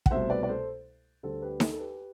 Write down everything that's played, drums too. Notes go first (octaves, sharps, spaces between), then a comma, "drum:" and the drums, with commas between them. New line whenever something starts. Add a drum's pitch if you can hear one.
F#5, drum: kick
C2 B2 A3 C5 E5
B4 D5
D5
A4 C5
D2 D3 G3 A4 C5
G4 B4
A4, drum: snare D#4
A4
G4 B4